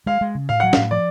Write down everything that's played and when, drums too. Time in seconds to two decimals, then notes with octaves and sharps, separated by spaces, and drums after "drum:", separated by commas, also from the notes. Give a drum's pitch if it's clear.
0.06 G#3 F5
0.21 G#3
0.35 C#3
0.49 A2 F5
0.60 F#3 F#5
0.73 F5, drum: snare
0.77 A2
0.91 F3 D5